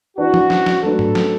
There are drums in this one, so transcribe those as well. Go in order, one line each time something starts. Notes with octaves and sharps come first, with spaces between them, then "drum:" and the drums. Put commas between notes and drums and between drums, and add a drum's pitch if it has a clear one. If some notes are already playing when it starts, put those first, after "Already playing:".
E3 D4 F#4 B4 D5
drum: tom E3
drum: snare
drum: snare
F#3 A3 D4 A4 B4
drum: tom G#2
drum: snare